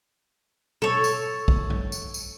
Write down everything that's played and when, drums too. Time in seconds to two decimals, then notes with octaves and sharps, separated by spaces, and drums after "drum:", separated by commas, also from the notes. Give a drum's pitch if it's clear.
0.82 A4 C#5, drum: tom B2
1.04 drum: tambourine
1.48 drum: kick
1.70 drum: tom G2
1.92 drum: tambourine
2.14 drum: tambourine